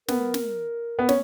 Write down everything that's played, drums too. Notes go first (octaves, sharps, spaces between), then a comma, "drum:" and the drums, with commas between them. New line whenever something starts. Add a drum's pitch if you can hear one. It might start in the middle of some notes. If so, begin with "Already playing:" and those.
B3 A#4, drum: snare
drum: snare
B3
C#4, drum: snare